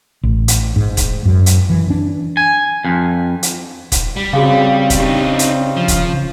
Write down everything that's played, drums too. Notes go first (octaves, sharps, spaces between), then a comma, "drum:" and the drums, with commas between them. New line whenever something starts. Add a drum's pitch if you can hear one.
A1
drum: hi-hat
G#2
drum: kick, hi-hat
F#2
drum: hi-hat
E3
D4
G#5
F2
drum: hi-hat
drum: kick, hi-hat
G3
C#3 C4 F#4 G#4 F5
drum: kick, hi-hat
D4 D#4 G4
drum: hi-hat
F3
drum: kick, hi-hat